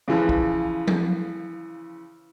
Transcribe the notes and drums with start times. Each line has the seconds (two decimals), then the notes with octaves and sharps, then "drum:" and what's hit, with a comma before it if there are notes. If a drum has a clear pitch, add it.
0.08 C#3 E3 F3
0.29 drum: kick
0.87 drum: tom F3